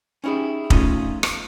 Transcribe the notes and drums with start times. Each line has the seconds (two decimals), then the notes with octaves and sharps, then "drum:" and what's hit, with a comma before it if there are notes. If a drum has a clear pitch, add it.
0.24 C#4 D#4 E4 G4 G#4
0.70 A3 C#4 D#4 F4 D#5, drum: kick
1.23 drum: rim click